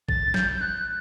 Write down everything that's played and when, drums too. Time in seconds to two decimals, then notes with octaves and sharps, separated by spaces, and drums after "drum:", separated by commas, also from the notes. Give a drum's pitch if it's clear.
0.09 A6, drum: kick A1
0.34 G6, drum: snare
0.52 G6
0.61 F#6